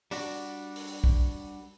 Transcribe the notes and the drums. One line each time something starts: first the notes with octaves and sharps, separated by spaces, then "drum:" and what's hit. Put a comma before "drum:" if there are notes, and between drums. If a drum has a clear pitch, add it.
G3 D4 F#4, drum: open hi-hat
drum: open hi-hat
drum: kick